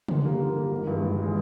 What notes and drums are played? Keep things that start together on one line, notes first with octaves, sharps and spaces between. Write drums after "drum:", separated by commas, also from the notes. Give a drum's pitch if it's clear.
D3, drum: tom
G3 A#3
D3
G3 A#3
G#1
G2 E3 G#3
G#1
E3 G#3